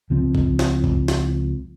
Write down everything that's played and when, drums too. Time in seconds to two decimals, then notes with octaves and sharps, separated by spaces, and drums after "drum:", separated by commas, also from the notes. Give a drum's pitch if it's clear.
0.10 C#2 F3 C4
0.35 drum: kick A#1
0.59 drum: snare
0.84 drum: kick A#1
1.08 drum: snare